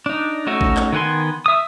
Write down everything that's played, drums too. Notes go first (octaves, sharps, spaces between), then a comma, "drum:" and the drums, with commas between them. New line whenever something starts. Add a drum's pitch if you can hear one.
D4 D#4
A3 C#4 D#4 F#4 E5
drum: kick A1
drum: clap
D#3 B3 F#5 G#5 C6
E5 D#6